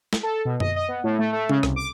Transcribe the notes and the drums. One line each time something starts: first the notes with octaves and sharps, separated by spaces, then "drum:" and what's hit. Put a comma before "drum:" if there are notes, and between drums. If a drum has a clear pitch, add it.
drum: snare
A4
B2
D#5, drum: tom F#2
D#5
B3
A2
A3
A3
C#3, drum: tom G#3
C2, drum: rim click
D6